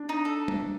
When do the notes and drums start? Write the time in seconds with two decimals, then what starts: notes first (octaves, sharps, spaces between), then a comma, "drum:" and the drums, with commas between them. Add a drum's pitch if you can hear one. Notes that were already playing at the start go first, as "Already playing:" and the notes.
Already playing: D4
0.09 D#4
0.25 A4
0.48 drum: tom G3